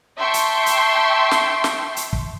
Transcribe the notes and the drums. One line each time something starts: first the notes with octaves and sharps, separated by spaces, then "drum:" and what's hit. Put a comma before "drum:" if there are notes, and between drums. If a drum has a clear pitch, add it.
E5 G5 A5 C6 C#6
drum: hi-hat
drum: hi-hat
drum: snare
drum: snare
drum: hi-hat
drum: kick